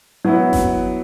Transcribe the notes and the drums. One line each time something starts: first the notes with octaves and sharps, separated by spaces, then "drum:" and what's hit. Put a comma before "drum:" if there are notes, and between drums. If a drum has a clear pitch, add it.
F#3 B3 E4
drum: snare G1